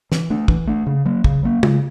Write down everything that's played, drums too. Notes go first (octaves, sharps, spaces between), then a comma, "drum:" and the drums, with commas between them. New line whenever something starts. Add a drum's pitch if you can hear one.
E3, drum: snare
A3 D4
E3, drum: kick
A3 D4
C#3
F#3 A#3
C#3, drum: kick
F#3 A#3
C#3, drum: tom